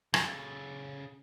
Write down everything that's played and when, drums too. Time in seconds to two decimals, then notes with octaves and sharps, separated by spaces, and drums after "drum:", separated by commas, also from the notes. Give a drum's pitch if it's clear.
0.14 C#3 A4, drum: rim click